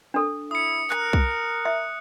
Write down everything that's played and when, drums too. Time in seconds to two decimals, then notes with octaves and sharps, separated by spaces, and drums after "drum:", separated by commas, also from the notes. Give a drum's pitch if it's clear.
0.14 D4 A4
0.51 E4 D#6 C#7
0.90 A#4 F#6, drum: clap
1.13 drum: kick C2
1.65 E5